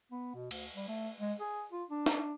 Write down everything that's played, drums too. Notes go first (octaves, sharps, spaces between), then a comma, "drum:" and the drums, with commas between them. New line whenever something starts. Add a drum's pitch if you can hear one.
B3
B2
D2, drum: cymbal
G3
A3
G#3
G#4
F4
D4
drum: snare